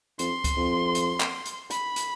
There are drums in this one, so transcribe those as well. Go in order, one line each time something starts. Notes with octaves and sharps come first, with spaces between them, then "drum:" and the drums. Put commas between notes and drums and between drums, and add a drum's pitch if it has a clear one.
F2 C6, drum: hi-hat
drum: kick C#2, hi-hat
F2
drum: hi-hat
drum: clap
drum: hi-hat
B5, drum: hi-hat
drum: hi-hat